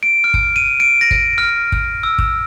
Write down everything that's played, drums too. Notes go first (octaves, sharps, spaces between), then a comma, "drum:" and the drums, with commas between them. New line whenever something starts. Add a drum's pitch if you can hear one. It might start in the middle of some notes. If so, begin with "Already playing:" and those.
D7
F6
drum: kick
D#7
D7
A#6
drum: kick
F6
drum: kick
E6
drum: kick